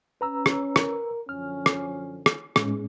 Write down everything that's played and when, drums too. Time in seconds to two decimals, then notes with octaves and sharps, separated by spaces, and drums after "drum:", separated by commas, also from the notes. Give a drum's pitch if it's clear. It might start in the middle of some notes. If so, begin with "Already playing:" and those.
0.21 C#4 B4 A#5 E6
0.46 drum: rim click
0.76 A#4, drum: rim click
1.29 F#2 D3 F3 C#4 F6
1.66 drum: rim click
2.26 drum: rim click
2.56 A2 G#3 B3 C#4 D#4 G#4, drum: rim click